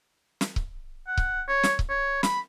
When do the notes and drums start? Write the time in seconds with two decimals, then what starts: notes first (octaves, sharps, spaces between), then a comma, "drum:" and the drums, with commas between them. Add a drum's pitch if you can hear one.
0.41 drum: snare
0.56 drum: kick C#1
1.08 F#5
1.17 drum: kick C#1
1.48 C#5
1.63 drum: snare
1.79 drum: kick C#1
1.89 C#5
2.23 B5, drum: snare